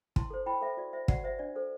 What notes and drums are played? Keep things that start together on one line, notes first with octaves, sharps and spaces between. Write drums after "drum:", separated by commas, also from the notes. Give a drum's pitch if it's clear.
E4 A5 C6, drum: kick
A4 C5
E4 G5 B5
A4 C5 E5
F#4 D5
C5 E5
F#4 D5 F#5, drum: kick
C5 E5
D4 D5
A4 C5